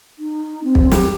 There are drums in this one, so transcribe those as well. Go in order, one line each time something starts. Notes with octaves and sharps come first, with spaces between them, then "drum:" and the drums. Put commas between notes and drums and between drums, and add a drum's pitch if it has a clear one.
D#4
C4
drum: kick
G4, drum: snare